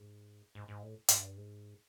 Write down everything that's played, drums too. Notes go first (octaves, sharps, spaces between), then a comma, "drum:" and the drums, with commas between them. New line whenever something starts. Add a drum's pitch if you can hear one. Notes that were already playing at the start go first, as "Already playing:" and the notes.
Already playing: G#2
G#2
G#2
A2
G#2, drum: hi-hat
G2
G#2